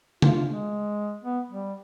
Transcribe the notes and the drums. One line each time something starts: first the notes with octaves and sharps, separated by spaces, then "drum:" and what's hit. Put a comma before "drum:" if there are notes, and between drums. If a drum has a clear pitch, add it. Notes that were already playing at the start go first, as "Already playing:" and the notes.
F4, drum: tom
G#3
B3
G3